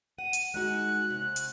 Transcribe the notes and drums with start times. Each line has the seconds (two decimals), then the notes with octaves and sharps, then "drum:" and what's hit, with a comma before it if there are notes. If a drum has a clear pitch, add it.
0.19 F#5 D#7
0.33 drum: hi-hat
0.54 G#3 D#4 F#4 F#6
1.10 C3
1.36 drum: hi-hat